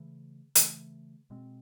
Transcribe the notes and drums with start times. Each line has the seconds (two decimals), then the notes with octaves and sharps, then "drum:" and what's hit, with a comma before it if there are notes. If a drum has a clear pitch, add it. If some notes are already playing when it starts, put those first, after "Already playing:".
Already playing: C#3 E3 A3
0.55 C#3 E3 A3, drum: hi-hat
1.30 B2 G#3 C4